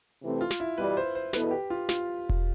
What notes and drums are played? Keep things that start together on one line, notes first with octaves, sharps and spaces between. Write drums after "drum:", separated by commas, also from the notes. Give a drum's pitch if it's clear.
C3 E3 A3 C4
F4
drum: snare
E4
E2 B2 G3 B4
C5
C5
E2 B2 B3 E4 A4 B4, drum: snare
G4
F4
F4, drum: snare
drum: kick E1